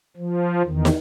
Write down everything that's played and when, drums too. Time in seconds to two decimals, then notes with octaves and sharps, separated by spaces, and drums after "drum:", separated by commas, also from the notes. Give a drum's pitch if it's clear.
0.17 F3
0.65 E2 D#3
0.85 drum: snare